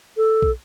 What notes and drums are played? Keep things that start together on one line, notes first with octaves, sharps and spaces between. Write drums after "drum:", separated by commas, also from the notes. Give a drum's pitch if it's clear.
A4
drum: kick